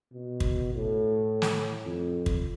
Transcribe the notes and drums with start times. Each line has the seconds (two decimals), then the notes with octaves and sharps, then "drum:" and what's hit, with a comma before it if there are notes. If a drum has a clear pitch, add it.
0.13 B2
0.40 drum: kick
0.74 A2
1.42 drum: snare
1.84 F2
2.26 drum: kick